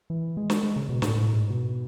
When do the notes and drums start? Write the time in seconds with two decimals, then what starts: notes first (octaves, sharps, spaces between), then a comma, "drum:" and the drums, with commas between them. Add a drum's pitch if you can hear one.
0.10 E3
0.37 G#3
0.50 drum: snare
0.63 G#3
0.76 C#3
0.89 B2
1.02 A2, drum: snare
1.15 A2
1.33 G#2
1.50 B2